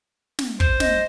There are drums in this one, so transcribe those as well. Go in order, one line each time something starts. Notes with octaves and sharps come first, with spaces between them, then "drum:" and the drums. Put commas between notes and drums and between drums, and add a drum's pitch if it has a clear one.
drum: snare
C5, drum: kick
D#5, drum: snare